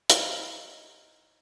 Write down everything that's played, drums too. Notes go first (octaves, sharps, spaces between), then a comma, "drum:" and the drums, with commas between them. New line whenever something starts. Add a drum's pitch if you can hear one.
D#4 E4 C5 C#5 F5, drum: hi-hat